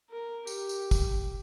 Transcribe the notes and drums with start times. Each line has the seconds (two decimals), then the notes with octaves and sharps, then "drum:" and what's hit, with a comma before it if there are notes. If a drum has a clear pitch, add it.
0.10 A#4
0.47 G4, drum: tambourine
0.69 drum: tambourine
0.91 drum: kick, tambourine